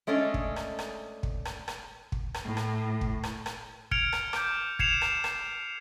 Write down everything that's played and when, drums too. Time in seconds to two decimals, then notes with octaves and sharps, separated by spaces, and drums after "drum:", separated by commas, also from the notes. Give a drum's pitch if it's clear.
0.07 G#3 A3 C#4 D4 D#5
0.34 drum: kick
0.56 drum: rim click
0.79 drum: rim click
1.23 drum: kick
1.45 drum: rim click
1.68 drum: rim click
2.12 drum: kick
2.34 drum: rim click
2.44 A2
2.57 drum: rim click
3.01 drum: kick
3.23 drum: rim click
3.46 drum: rim click
3.91 F6 G#6 C#7 D7 F7, drum: kick
4.13 drum: rim click
4.33 D6 G6, drum: rim click
4.79 G#6 C7 C#7 E7 F7, drum: kick
5.02 drum: rim click
5.24 drum: rim click